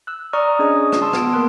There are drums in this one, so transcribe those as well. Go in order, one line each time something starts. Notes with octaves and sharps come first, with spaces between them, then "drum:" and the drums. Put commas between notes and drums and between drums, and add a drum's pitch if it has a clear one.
E6 F#6
D5 A#5 C#6 D#6 F6
C#4 D4 G#4 D#5 D#6
drum: rim click
A5 C6 D#6 E6
B3 D7, drum: rim click
A#3 A#4 C6 F#6 D7